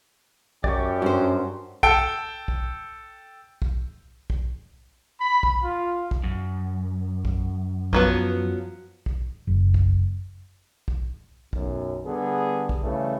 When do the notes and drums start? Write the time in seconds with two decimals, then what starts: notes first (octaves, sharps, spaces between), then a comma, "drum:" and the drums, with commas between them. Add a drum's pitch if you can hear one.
0.64 F#2 G4 D5 C#6, drum: kick
1.02 G2 C#4 F#4 C5
1.83 A4 G5 D7, drum: kick
2.48 drum: kick
3.62 drum: kick
4.30 drum: kick
5.21 B5
5.43 drum: kick
5.62 F4
6.11 drum: kick
6.24 F#2
7.25 drum: kick
7.93 F3 F#3 B3, drum: kick
9.06 drum: kick
9.47 F#1
9.74 drum: kick
10.88 drum: kick
11.53 B1 F#2, drum: kick
12.06 D3 G3 B3 G#4
12.69 drum: kick
12.83 C#3 E3 G3 A3